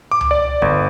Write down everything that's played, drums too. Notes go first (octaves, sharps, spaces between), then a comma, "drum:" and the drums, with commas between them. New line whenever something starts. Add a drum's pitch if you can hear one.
D6
drum: tom C#2
D5
G1, drum: kick